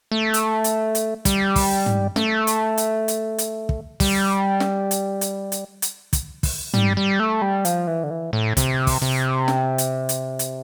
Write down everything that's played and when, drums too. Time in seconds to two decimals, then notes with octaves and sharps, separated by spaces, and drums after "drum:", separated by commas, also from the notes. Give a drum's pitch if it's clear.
0.12 A3
0.34 drum: hi-hat
0.64 drum: hi-hat
0.95 drum: hi-hat
1.25 G3, drum: kick, hi-hat
1.56 drum: kick, open hi-hat
1.86 drum: tom
2.16 A3, drum: snare
2.47 drum: hi-hat
2.78 drum: hi-hat
3.08 drum: hi-hat
3.38 drum: hi-hat
3.69 drum: kick
4.00 G3, drum: kick, open hi-hat
4.60 drum: snare
4.91 drum: hi-hat
5.21 drum: hi-hat
5.52 drum: hi-hat
5.82 drum: hi-hat
6.13 drum: kick, hi-hat
6.43 drum: kick, open hi-hat
6.74 G3, drum: tom
6.97 G3
7.20 A3
7.42 G3
7.65 F3, drum: hi-hat
7.87 E3
8.03 D3
8.10 E3
8.33 A2
8.57 C3, drum: kick, hi-hat
8.87 drum: kick, open hi-hat
9.02 C3
9.48 drum: snare
9.78 drum: hi-hat
10.09 drum: hi-hat
10.39 drum: hi-hat